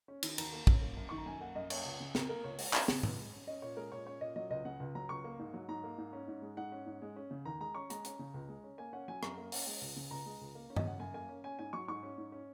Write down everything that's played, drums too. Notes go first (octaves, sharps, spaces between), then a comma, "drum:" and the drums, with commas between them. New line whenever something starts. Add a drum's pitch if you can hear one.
C#4
D#3, drum: cymbal
D#2 A#5, drum: cymbal
A#3
C#4, drum: kick
A#3
F#2
D#3 C#6
A#5
F#2 G#5
A#3 F#5
F#2 D#5
A#3 C#5, drum: cymbal
C#2
C#3
C#2 A#4, drum: snare
A#3 A#4
C#2 C#5
G#3, drum: open hi-hat
C#4, drum: clap
C#3, drum: snare
C#2, drum: tom
G#3
C#4
C#4 D#5
A#2 C#5
G#3 A#4
A#2 C#5
C#4 C#5
A#2 D#5
F#3 D#5
C#2 D#5
C#3 F#5
C#2
F#3 A#5
C#2 C#6
A#3
G#2
F#3
G#2 A#5
A#3
G#2
C#4
G#2
G#3
G#2 F#5
C#4
G#2
G#3
C#4
C#3
D#2 A#5
G#3 A#5
C#4 C#6
G#3 A#5, drum: hi-hat
C#4, drum: hi-hat
C#3
C#2
G#3
C#4
A#3 G#5
C#4 F#5
F#3 G#5
F#2 A#5, drum: rim click
A#3
C#4, drum: open hi-hat
G#3
C#2
C#3
C#2 A#5
G#3
C#2
A#3
C#4
D#5, drum: tom
C#3 F#5
F#2 G#5
A#3 G#5
C#4
C#4 G#5
G#2 G#5
F#3 C#6
G#2 C#6
C#4
G#2
C#4